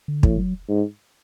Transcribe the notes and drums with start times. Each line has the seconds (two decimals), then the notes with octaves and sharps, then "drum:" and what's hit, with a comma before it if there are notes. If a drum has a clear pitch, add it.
0.08 D3
0.23 A2 E3, drum: kick
0.38 F#3
0.69 G#2